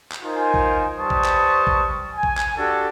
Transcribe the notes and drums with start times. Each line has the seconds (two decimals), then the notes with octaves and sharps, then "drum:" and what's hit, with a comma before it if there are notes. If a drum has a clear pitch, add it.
0.12 drum: clap
0.24 D#4 F4 A#4 C5 G#5
0.54 drum: kick
0.96 G3 B4 C5 A5 C#6 D#6
1.10 drum: kick
1.24 drum: clap
1.67 drum: kick
2.14 G#5
2.23 drum: kick
2.37 drum: clap
2.57 D4 F#4 G4 A4